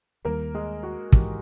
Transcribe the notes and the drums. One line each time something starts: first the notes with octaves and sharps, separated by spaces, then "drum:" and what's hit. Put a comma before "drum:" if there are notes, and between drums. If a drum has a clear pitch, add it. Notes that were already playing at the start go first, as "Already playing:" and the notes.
D#2 D#3 G3 A#3 A#4
G#3 G#4
F#4
G#1 G#2 E3 G4, drum: kick